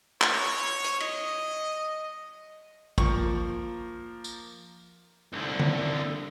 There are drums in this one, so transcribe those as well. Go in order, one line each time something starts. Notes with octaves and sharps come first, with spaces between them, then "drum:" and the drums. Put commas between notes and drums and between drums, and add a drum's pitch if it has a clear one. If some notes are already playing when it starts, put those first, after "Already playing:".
C#5, drum: clap
drum: hi-hat
D#5, drum: cymbal
F3 A#3 C#6, drum: kick
drum: tambourine
C2 D3
drum: tom D3